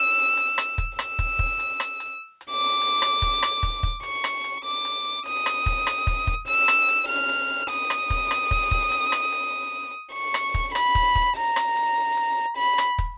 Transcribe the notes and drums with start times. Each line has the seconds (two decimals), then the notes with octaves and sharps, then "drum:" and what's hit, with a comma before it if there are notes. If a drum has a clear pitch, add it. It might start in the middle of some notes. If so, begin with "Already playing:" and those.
Already playing: E6
0.37 drum: hi-hat
0.58 drum: rim click
0.78 drum: kick, hi-hat
0.99 E6, drum: rim click
1.19 drum: kick, hi-hat
1.39 drum: kick
1.59 drum: hi-hat
1.80 drum: rim click
2.00 drum: hi-hat
2.41 drum: hi-hat
2.51 D6
2.81 drum: hi-hat
3.02 drum: rim click
3.22 drum: kick, hi-hat
3.42 drum: rim click
3.63 drum: kick, hi-hat
3.83 drum: kick
4.03 C#6, drum: hi-hat
4.24 drum: rim click
4.44 drum: hi-hat
4.65 D6
4.85 drum: hi-hat
5.26 D#6, drum: hi-hat
5.46 drum: rim click
5.66 drum: kick, hi-hat
5.87 drum: rim click
6.07 drum: kick, hi-hat
6.27 drum: kick
6.48 E6, drum: hi-hat
6.68 drum: rim click
6.88 drum: hi-hat
7.08 F6
7.29 drum: hi-hat
7.70 D#6, drum: hi-hat
7.90 drum: rim click
8.10 drum: kick, hi-hat
8.31 drum: rim click
8.51 drum: kick, hi-hat
8.71 drum: kick
8.92 drum: hi-hat
9.12 drum: rim click
9.32 drum: hi-hat
10.14 C#6
10.34 drum: rim click
10.54 drum: kick, hi-hat
10.75 B5, drum: rim click
10.95 drum: kick, hi-hat
11.15 drum: kick
11.36 A#5, drum: hi-hat
11.56 drum: rim click
11.76 drum: hi-hat
12.17 drum: hi-hat
12.57 B5
12.78 drum: rim click
12.99 drum: kick, hi-hat